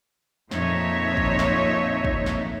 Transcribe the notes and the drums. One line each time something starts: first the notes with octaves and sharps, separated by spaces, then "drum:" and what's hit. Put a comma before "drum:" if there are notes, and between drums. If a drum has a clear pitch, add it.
F2 A#2 D#4 C#5 E5, drum: snare
drum: kick
drum: snare
drum: kick
drum: snare